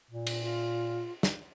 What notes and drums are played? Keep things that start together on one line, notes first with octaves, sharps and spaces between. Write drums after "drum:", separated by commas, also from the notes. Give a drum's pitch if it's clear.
A#2
drum: cymbal
F4
drum: snare